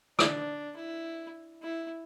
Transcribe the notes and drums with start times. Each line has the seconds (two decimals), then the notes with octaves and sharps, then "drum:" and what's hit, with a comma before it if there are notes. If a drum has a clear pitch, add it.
0.19 D4, drum: rim click
0.76 E4
1.62 E4